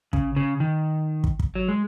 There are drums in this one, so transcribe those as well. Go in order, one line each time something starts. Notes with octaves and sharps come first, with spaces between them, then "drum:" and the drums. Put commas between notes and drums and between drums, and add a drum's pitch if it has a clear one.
C#3, drum: kick
C#3
D#3
drum: kick
drum: kick
F#3
G#3